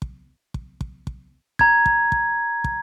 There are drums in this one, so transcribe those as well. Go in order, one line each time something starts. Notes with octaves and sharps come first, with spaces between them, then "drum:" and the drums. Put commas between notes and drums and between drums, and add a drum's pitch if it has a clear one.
drum: kick
drum: kick
drum: kick
drum: kick
A#5 G#6, drum: kick
drum: kick
drum: kick
drum: kick